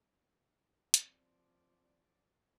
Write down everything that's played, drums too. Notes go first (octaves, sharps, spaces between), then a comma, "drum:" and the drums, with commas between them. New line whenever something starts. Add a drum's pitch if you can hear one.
F3 C4 D5, drum: hi-hat